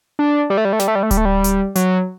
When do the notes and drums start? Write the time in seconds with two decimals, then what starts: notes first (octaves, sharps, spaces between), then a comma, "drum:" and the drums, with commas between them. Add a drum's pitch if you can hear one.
0.19 D4
0.50 G3
0.58 A3
0.65 G3
0.73 A3
0.80 G3, drum: snare
0.88 A3
0.95 G3
1.03 A3
1.11 G3, drum: kick D1, hi-hat
1.17 A3
1.25 G3
1.44 drum: hi-hat
1.76 F#3, drum: hi-hat